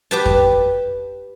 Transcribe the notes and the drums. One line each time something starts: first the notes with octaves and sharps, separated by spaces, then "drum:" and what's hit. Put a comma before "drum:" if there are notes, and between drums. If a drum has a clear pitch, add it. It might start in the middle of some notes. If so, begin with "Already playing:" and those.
G4 B4 A5
drum: kick F2